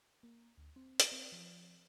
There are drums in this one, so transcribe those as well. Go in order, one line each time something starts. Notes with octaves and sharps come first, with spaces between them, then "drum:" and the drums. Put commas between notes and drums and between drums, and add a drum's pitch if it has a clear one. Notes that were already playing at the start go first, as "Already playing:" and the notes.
A#3
D2
C4
drum: hi-hat
C4
F3